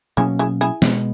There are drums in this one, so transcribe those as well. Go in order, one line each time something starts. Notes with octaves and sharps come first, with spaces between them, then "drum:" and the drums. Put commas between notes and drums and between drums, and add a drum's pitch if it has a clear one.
B2 F#3 A#3 C#4 E4 G#4
E4 G#4
E4 G#4
B2 G#3 B3, drum: snare